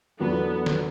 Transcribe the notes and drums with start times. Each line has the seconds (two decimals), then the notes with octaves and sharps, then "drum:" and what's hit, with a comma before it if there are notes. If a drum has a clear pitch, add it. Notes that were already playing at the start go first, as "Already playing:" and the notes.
0.20 E2 D3 F#3 A3 B3
0.66 drum: snare